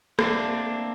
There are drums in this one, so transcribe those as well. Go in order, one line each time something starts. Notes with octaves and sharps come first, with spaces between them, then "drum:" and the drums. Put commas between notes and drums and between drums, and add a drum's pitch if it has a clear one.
A3 A#3 C4 D4, drum: rim click